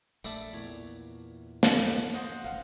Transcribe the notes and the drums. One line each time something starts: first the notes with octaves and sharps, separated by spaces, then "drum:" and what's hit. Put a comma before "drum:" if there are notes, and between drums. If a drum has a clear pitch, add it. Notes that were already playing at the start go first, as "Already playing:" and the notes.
A#1 A3 D5 E5 A5, drum: tambourine
E2 A#2 C#5
drum: snare
C5 D#5 F#5
D#1 A1 F5 F#5